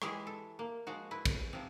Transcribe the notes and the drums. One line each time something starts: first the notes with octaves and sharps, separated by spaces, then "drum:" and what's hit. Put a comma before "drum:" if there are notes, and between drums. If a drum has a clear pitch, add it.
E3 G#3 E4 G4 G#4, drum: rim click
A4
A#3
F3 G#3 F#4
E4 B4
drum: kick, cymbal
C3 F3